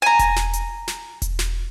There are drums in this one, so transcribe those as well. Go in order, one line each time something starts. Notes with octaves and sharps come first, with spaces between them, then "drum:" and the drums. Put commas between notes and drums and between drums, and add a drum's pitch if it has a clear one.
G#5 A#5
drum: kick E1, hi-hat
drum: snare
drum: hi-hat
drum: snare
drum: kick E1, hi-hat
drum: snare